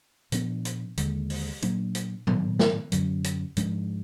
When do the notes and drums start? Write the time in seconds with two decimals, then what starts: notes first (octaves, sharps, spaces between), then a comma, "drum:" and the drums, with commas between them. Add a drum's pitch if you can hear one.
0.32 A#2 F3 B3 D4, drum: hi-hat
0.65 drum: hi-hat
0.97 D#2 D3 G#3, drum: hi-hat
1.30 drum: open hi-hat
1.62 A#2 F#3 A#3 D4, drum: hi-hat
1.95 drum: hi-hat
2.27 G#2 D#3 F#3 B3, drum: tom A2
2.59 drum: snare
2.92 F#2 D3 F#3, drum: hi-hat
3.24 drum: hi-hat
3.57 G#2 F3 G#3 D4, drum: hi-hat